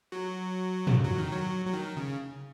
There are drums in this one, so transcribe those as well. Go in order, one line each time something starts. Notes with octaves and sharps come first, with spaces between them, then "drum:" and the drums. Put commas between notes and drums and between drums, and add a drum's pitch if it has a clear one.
F#3
drum: tom
F#3
D#3
F#3
F#3
D#3
C#3